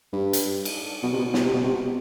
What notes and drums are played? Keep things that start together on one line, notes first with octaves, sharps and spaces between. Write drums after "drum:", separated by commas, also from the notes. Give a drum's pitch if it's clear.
G2
drum: hi-hat
drum: cymbal
B2
C3
B2
B2, drum: snare
C3
B2
C3
B2